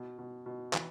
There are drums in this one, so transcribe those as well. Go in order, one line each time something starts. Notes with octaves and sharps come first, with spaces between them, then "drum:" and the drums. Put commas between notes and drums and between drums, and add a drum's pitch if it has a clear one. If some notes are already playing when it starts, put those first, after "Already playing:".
Already playing: B2
B2
B2
E3, drum: clap